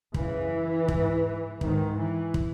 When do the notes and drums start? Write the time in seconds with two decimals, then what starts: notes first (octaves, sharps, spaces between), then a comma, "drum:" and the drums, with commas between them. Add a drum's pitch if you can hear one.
0.14 F#2 C#3 E3, drum: kick
0.88 G#2, drum: kick
1.61 G#2 D#3, drum: kick
1.97 E3
2.34 drum: kick